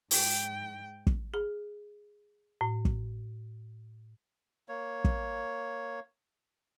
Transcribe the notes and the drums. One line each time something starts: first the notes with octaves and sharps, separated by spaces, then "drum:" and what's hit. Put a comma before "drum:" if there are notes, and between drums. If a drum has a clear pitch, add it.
G#2 G5, drum: open hi-hat
drum: kick
G#4
A2
drum: kick
A#3 C#5
drum: kick